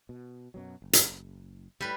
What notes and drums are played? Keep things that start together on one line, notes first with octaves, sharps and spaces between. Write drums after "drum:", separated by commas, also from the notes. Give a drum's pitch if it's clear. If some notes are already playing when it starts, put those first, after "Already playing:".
B2
F#2 B2 F#3
F#1
drum: hi-hat
A2 C3 G3 B4